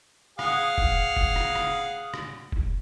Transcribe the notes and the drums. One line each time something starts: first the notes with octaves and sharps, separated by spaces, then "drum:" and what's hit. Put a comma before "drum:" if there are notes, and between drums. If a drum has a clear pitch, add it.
G#4 F5 F#5, drum: rim click
drum: kick F1
drum: kick F1
drum: rim click
drum: rim click
drum: rim click
drum: kick F1